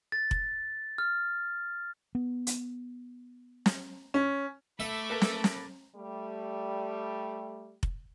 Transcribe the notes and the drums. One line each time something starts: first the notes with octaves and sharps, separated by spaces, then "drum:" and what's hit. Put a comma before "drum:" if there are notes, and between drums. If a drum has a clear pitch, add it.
A6
drum: kick F1
F6
B3
drum: hi-hat
drum: snare
C#4
A3 E5 B5 D6
A#3 A4 B4
drum: snare
drum: snare
G3 A3
drum: kick F1